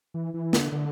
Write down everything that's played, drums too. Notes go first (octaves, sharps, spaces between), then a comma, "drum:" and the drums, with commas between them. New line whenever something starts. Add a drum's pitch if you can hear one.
E3
E3
D3, drum: snare
D3